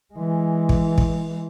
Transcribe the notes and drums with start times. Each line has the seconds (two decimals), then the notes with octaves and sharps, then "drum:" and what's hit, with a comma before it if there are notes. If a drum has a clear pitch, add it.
0.14 E3 G#3
0.69 drum: kick
0.98 drum: kick